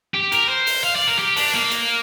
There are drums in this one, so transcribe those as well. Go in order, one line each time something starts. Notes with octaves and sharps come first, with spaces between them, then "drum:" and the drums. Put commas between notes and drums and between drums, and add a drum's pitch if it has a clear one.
G4
A#4, drum: hi-hat
C5
drum: open hi-hat
F5
D5
A#4
G4
D4, drum: open hi-hat
A#3
drum: hi-hat